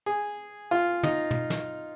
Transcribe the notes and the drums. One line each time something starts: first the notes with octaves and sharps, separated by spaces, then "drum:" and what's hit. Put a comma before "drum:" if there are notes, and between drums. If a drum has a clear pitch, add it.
G#4
F4
D#4, drum: tom
drum: tom
drum: snare